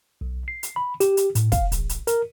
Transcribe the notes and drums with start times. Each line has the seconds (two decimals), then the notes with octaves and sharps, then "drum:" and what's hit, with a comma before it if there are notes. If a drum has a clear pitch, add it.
0.21 B1
0.48 C7
0.63 drum: hi-hat
0.76 B5
1.00 G4, drum: hi-hat
1.17 drum: hi-hat
1.35 A2, drum: hi-hat
1.52 F5, drum: kick, hi-hat
1.72 A1, drum: hi-hat
1.89 drum: hi-hat
2.07 A#4, drum: hi-hat